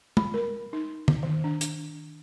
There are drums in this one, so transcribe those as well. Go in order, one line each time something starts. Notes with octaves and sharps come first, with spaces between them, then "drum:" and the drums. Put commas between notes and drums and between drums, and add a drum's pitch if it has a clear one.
B5, drum: tom
A#4
D#4
drum: tom
D#3
D4
D4, drum: hi-hat